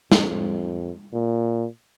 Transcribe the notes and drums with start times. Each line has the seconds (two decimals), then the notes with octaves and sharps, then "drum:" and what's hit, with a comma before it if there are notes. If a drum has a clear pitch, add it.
0.12 F2, drum: snare
1.13 A#2